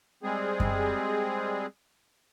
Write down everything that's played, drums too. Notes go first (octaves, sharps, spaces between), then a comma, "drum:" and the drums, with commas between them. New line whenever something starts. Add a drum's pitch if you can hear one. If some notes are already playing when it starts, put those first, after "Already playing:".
G3 G#3 C4 G#4
drum: kick F#2